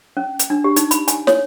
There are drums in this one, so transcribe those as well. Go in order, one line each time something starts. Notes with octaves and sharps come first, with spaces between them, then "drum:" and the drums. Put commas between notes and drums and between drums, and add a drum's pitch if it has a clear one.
C#4
drum: hi-hat
D4
G4
D#4, drum: hi-hat
B5, drum: hi-hat
G#5, drum: hi-hat
C#5, drum: snare